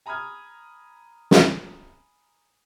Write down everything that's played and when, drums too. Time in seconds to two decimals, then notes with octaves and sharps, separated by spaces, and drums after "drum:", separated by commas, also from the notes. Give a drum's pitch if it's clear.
0.06 G#5 A#5 B5 D#6 F6 G#6
1.31 drum: snare